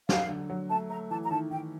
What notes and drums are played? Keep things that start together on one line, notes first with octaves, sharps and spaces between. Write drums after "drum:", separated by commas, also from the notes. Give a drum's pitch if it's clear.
F#3 F5, drum: snare
D3
F#3
A3 A5
A3 A#5
E3 A5
A#5
D#3 A5
D#3 G5